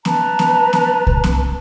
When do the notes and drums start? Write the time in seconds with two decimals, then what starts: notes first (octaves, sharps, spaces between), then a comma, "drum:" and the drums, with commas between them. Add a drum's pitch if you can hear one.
0.05 B4 A5 A#5, drum: snare B3
0.39 drum: snare B3
0.73 drum: snare B3
1.07 drum: kick C2
1.24 drum: snare B3